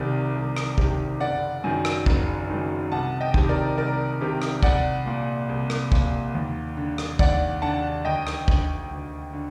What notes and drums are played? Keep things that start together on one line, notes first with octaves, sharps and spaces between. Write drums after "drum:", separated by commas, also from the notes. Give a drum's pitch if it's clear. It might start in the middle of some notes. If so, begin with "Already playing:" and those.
Already playing: C2 C3 D#3 A#4 D5
C2
drum: rim click
C3 D#3, drum: kick
F#1 D5 F#5
F#2 D#3
drum: rim click
F#1, drum: kick
F#2 D#3
C2 F#5 A5
D#5 G5
C3 D#3, drum: kick
A#4 D5
C2 A#4 D5
C3 D#3
drum: rim click
C2 D5 F#5, drum: kick
A#2
C2
drum: rim click
A#2, drum: kick
D#2
D3
drum: rim click
D#2 D5 F#5, drum: kick
D3 F#5 A5
D2 D#5 G5
drum: rim click
D3, drum: kick
D2
D3